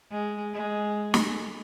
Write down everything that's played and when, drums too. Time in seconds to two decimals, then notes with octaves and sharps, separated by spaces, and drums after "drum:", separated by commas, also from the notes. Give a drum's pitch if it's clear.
0.11 G#3
0.54 G#3
1.14 drum: snare